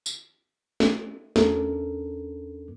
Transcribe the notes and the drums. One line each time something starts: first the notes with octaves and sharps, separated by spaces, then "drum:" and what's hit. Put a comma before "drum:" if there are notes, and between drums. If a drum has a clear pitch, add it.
drum: tambourine
drum: snare
E2 C#4 D4 A4 A#4, drum: snare